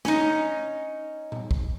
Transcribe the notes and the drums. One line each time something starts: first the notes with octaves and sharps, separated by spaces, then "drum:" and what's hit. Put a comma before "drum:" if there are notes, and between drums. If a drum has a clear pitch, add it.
C#4 D#4, drum: snare
drum: tom A#2
drum: kick